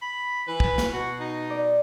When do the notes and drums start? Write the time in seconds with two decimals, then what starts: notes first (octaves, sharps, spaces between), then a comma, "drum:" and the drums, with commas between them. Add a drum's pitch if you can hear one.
0.02 B5
0.48 E3 B4
0.60 drum: kick
0.78 drum: snare
0.93 B2 F#4
1.20 D#4
1.50 D5